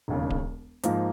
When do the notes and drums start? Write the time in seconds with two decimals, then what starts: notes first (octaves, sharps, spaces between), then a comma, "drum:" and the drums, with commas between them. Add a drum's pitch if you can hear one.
0.08 E1 D#2 C#3
0.30 drum: kick D1
0.83 G#2 F3 A#3, drum: hi-hat